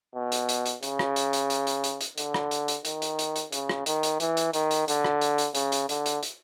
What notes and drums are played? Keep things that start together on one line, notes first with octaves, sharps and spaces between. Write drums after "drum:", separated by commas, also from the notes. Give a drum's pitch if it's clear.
B2
drum: hi-hat
drum: hi-hat
drum: hi-hat
C#3, drum: hi-hat
drum: rim click
drum: hi-hat
drum: hi-hat
drum: hi-hat
drum: hi-hat
drum: hi-hat
drum: hi-hat
D3, drum: hi-hat
drum: rim click
drum: hi-hat
drum: hi-hat
D#3, drum: hi-hat
drum: hi-hat
drum: hi-hat
drum: hi-hat
C#3, drum: hi-hat
drum: rim click
D#3, drum: hi-hat
drum: hi-hat
E3, drum: hi-hat
drum: hi-hat
D#3, drum: hi-hat
drum: hi-hat
D3, drum: hi-hat
drum: rim click
drum: hi-hat
drum: hi-hat
C#3, drum: hi-hat
drum: hi-hat
D3, drum: hi-hat
drum: hi-hat
drum: hi-hat